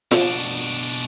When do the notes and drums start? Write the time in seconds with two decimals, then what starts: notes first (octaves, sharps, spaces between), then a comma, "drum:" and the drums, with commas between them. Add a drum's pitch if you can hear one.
0.11 B2 D4, drum: snare F4